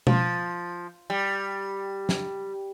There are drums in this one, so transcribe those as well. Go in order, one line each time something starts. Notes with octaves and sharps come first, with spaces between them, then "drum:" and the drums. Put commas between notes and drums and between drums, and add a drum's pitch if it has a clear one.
F3, drum: tom B2
G3
drum: snare